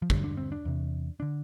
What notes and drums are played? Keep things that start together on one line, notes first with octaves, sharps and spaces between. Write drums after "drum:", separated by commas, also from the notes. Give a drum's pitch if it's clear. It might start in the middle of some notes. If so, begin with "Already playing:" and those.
F3
G2 D3 G3, drum: kick
D4
C4
D4
E2 C3
D3 D4